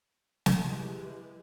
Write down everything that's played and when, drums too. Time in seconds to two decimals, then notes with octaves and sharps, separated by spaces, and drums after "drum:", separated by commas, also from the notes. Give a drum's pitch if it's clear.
0.46 drum: snare
0.63 G#3 E4 G4 B4